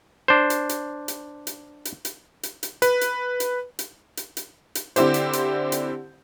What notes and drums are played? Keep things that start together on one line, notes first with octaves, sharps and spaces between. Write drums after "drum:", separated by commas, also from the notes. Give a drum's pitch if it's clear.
D4 C5
drum: hi-hat
drum: hi-hat
drum: hi-hat
drum: hi-hat
drum: hi-hat
drum: hi-hat
drum: hi-hat
drum: hi-hat
B4, drum: hi-hat
drum: hi-hat
drum: hi-hat
drum: hi-hat
drum: hi-hat
drum: hi-hat
drum: hi-hat
D3 C4 E4 G4 C5, drum: hi-hat
drum: hi-hat
drum: hi-hat
drum: hi-hat